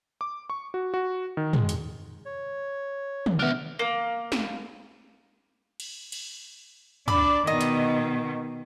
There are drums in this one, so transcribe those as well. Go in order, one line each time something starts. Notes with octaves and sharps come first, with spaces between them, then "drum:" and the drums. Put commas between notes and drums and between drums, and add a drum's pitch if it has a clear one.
D6
C#6
F#4
F#4
D#3
G#3, drum: tom
drum: hi-hat
C#5
drum: tom
B3 D4 E5 F6
A#3
drum: snare
drum: cymbal
drum: cymbal
D4 D5 B5, drum: tom
B2 D#3 D#5
drum: hi-hat